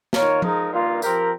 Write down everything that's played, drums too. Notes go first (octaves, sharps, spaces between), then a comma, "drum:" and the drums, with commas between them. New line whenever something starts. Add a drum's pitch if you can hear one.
D#3 A#3 F4 A#4 C#5, drum: snare
F3 G#3 D#4 A#4, drum: tom F3
G2 D#3 A#3 F4
F3 C4 G4 A#4, drum: tambourine